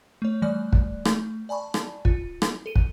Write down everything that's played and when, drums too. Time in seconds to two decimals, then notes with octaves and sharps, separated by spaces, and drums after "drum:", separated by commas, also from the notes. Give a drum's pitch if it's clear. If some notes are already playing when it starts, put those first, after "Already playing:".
0.22 A3 C#5
0.42 E3 G3 A3 D5 F#6
0.73 drum: kick
1.05 A3, drum: rim click
1.49 D5 G#5 A5 B5 C#6
1.74 drum: rim click
2.05 F4, drum: kick
2.42 drum: rim click
2.66 A4 D#7
2.75 drum: kick